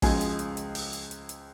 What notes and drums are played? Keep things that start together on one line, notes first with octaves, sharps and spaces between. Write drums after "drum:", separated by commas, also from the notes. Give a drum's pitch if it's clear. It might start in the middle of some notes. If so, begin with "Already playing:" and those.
C#2 C#3 F3 G#3 G#4, drum: kick, open hi-hat
drum: hi-hat
drum: hi-hat
drum: hi-hat
drum: open hi-hat
drum: hi-hat
drum: hi-hat
drum: hi-hat